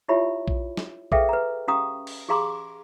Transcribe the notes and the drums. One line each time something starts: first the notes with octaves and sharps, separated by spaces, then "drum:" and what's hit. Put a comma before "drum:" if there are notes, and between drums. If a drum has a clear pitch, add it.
E4 F4 G4 C#5 E5 B5
drum: kick A#1
drum: snare
G#4 A4 B4 E5 F5 G5, drum: kick A#1
B4 A#5
C#4 G4 F5 A#5 D#6
drum: cymbal
G4 G#4 F5 A#5 C6 D6